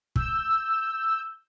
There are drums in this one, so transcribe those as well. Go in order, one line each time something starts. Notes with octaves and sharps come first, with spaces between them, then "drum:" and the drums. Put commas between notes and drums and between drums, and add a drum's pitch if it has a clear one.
E6 G6, drum: kick